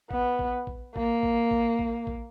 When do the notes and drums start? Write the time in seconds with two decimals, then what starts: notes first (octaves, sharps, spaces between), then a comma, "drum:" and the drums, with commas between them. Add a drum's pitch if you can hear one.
0.11 B3, drum: kick
0.39 drum: kick
0.67 drum: kick
0.96 A#3, drum: kick
1.23 drum: kick
1.51 drum: kick
1.79 drum: kick
2.07 drum: kick